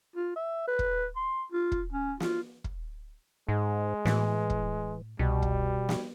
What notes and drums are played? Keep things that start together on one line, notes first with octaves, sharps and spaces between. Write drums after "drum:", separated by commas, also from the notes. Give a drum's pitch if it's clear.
F4
E5
B4
drum: kick
C6
F4
drum: kick
C#4
F4, drum: snare
drum: kick
G#2 G#3
A2 E3, drum: snare
drum: kick
C2 B2 G3
drum: kick
drum: snare